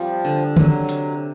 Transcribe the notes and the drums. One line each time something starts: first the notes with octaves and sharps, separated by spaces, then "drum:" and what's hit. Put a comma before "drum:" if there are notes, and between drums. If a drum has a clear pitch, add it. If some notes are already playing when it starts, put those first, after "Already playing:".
Already playing: F3 G3 C4
D3
C3 F#3, drum: tom D3
drum: hi-hat